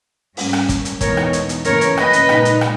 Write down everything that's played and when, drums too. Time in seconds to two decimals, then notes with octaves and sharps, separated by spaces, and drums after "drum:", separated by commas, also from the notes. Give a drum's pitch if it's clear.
0.37 G#2 G3 A#3 C#4, drum: open hi-hat
0.53 drum: rim click
0.69 drum: kick, hi-hat
0.85 drum: hi-hat
1.01 E2 B2 G#3 B3 D#4 A#4 C#5, drum: kick, hi-hat
1.17 drum: rim click
1.33 drum: hi-hat
1.49 drum: hi-hat
1.65 C#3 E3 A#3 C#4 A#4 C#5, drum: hi-hat
1.81 drum: hi-hat
1.97 B4 D#5, drum: rim click
2.13 drum: hi-hat
2.29 A#2 G#3 D#4, drum: rim click
2.45 drum: hi-hat
2.61 drum: rim click